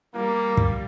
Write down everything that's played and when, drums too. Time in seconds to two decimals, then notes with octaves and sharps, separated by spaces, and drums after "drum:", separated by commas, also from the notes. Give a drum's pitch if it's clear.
0.15 G3 A#3
0.57 drum: kick